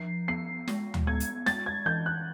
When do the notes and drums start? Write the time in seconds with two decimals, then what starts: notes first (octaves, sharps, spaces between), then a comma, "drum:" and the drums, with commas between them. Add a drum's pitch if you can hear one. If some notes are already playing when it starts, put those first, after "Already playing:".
Already playing: F3 C7
0.28 B3 C7
0.68 G#3, drum: snare
0.94 drum: tom D2
1.07 B3 G#6
1.20 drum: hi-hat
1.46 G#3 A6, drum: snare
1.66 G#6
1.86 E3 G6
2.06 F#6